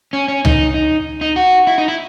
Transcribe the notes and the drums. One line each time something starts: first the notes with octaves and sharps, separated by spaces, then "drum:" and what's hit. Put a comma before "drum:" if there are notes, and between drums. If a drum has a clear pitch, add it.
C#4
C#4
D#4, drum: tom C#2
D#4
D#4
F#4
E4
D#4
E4